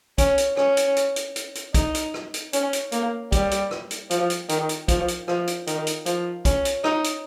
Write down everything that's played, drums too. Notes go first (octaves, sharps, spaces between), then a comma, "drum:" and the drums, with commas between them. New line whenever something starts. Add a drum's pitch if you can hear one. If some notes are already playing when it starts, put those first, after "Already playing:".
C#4, drum: kick, hi-hat
drum: hi-hat
C#4, drum: rim click
drum: hi-hat
drum: hi-hat
drum: hi-hat
drum: hi-hat
drum: hi-hat
D#4, drum: kick, hi-hat
drum: hi-hat
drum: rim click
drum: hi-hat
C#4, drum: hi-hat
drum: hi-hat
A#3, drum: hi-hat
G3, drum: kick, hi-hat
drum: hi-hat
drum: rim click
drum: hi-hat
F3, drum: hi-hat
drum: hi-hat
D#3, drum: hi-hat
drum: hi-hat
F3, drum: kick, hi-hat
drum: hi-hat
F3, drum: rim click
drum: hi-hat
D#3, drum: hi-hat
drum: hi-hat
F3, drum: hi-hat
C#4, drum: kick, hi-hat
drum: hi-hat
D#4, drum: rim click
drum: hi-hat